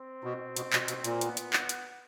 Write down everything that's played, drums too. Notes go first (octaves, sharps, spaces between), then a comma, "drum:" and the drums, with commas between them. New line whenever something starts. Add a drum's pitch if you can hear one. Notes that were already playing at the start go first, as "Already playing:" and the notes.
Already playing: C4
B2
B2, drum: hi-hat
B2, drum: clap
B2, drum: hi-hat
A#2, drum: hi-hat
B3, drum: hi-hat
drum: hi-hat
drum: clap
drum: hi-hat